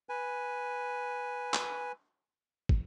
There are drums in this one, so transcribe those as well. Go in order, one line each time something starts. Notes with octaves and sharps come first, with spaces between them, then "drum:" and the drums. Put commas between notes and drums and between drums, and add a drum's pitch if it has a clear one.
B4 G#5
drum: clap
drum: kick